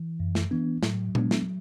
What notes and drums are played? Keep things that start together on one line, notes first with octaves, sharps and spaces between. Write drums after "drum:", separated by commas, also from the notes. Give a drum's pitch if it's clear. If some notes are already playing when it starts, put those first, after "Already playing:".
Already playing: E3
F#2
drum: snare
E3 B3 D4
A2 F#3, drum: snare
G#3 B3 D4, drum: tom A#2
drum: snare